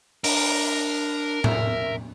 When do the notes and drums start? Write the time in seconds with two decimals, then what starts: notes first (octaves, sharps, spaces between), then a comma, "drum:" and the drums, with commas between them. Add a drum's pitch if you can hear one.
0.24 D4 A#4, drum: open hi-hat
1.44 E5, drum: tom A2